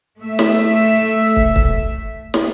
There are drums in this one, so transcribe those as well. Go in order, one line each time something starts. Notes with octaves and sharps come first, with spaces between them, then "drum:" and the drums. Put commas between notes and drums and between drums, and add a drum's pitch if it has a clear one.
A3 E5
drum: snare
drum: kick
drum: kick
drum: snare